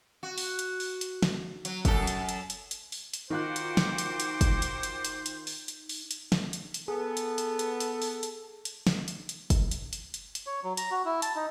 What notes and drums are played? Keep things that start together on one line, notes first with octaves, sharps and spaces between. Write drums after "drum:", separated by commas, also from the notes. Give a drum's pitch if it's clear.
F#4
drum: open hi-hat
drum: hi-hat
drum: open hi-hat
drum: hi-hat
drum: snare
F#3, drum: hi-hat
F#2 A4, drum: kick, hi-hat
drum: hi-hat
drum: hi-hat
drum: hi-hat
drum: hi-hat
drum: open hi-hat
drum: hi-hat
D#3 D#4 F4 F#4 C5 G5 D6 F#6
drum: hi-hat
drum: snare
drum: hi-hat
drum: hi-hat
drum: kick, hi-hat
drum: hi-hat
drum: hi-hat
drum: hi-hat
drum: hi-hat
drum: open hi-hat
drum: hi-hat
drum: open hi-hat
drum: hi-hat
drum: snare
drum: hi-hat
drum: hi-hat
B3 G#4 A4
drum: hi-hat
drum: hi-hat
drum: hi-hat
drum: hi-hat
drum: open hi-hat
drum: hi-hat
drum: hi-hat
drum: snare
drum: hi-hat
drum: hi-hat
drum: kick, hi-hat
drum: hi-hat
drum: hi-hat
drum: hi-hat
drum: hi-hat
C#5
F#3
A#5, drum: hi-hat
F#4
E4
A5, drum: hi-hat
D#4